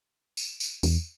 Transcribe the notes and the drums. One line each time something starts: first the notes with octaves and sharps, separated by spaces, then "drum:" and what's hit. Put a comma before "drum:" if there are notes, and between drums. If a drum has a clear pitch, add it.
drum: tambourine
drum: tambourine
E2, drum: tambourine